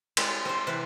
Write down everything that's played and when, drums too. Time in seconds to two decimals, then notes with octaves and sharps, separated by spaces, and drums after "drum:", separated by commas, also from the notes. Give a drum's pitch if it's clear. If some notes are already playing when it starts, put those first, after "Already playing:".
0.17 G3 G#3 C4, drum: cymbal
0.45 C4 C5
0.67 C3 E3 B4 C5